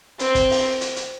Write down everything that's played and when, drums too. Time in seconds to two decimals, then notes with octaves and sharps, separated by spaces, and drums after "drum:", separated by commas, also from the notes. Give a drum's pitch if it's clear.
0.19 C4, drum: hi-hat
0.35 drum: kick, hi-hat
0.50 drum: open hi-hat
0.81 drum: hi-hat
0.96 drum: hi-hat